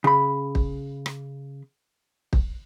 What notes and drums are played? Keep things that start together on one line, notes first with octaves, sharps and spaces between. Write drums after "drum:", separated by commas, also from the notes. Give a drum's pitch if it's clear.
C#3 B5
drum: kick
drum: rim click
drum: kick